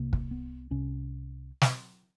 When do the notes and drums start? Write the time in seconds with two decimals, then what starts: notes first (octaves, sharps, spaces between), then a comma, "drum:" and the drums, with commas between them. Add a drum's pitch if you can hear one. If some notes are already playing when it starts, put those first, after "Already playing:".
Already playing: C2 C3 A#3
0.13 drum: kick
0.31 B3
0.71 C2 C3 C#4
1.62 drum: snare